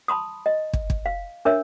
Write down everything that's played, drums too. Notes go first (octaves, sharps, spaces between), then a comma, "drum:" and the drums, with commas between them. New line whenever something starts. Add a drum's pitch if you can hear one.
A5 B5 C6 D#6
D#5
drum: kick
drum: kick
F5
D4 A#4 C#5 E5